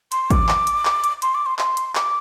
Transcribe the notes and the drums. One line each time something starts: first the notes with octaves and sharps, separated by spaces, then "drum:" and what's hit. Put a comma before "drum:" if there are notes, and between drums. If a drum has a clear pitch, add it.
C6, drum: hi-hat
D6, drum: kick, hi-hat
drum: clap
drum: hi-hat
drum: clap
drum: hi-hat
C6, drum: hi-hat
D6
C6
C6, drum: clap
drum: hi-hat
D6, drum: clap